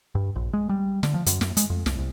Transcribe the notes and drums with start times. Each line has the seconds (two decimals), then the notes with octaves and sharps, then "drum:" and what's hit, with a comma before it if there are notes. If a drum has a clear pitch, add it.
0.15 G2
0.36 A#1
0.53 G#3
0.69 G3
1.03 D3, drum: snare
1.14 F3
1.26 F#2, drum: hi-hat
1.41 F#2, drum: snare
1.57 G#3, drum: hi-hat
1.70 F2
1.86 C2, drum: snare
1.98 C2